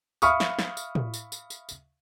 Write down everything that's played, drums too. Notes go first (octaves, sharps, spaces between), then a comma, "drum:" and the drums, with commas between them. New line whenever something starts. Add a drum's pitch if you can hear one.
E5 F5 B5 C#6 D#6 F6, drum: tambourine
drum: snare
drum: snare
drum: tambourine
drum: tom A2
drum: tambourine
drum: tambourine
drum: tambourine
drum: tambourine